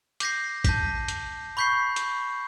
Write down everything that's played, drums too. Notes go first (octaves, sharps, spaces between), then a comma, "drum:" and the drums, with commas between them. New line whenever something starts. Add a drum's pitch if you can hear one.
D6 G6 A#6 C7, drum: hi-hat
A5 G6 B6, drum: kick G1, hi-hat
drum: hi-hat
B5 C#6 G6 B6 C7
drum: hi-hat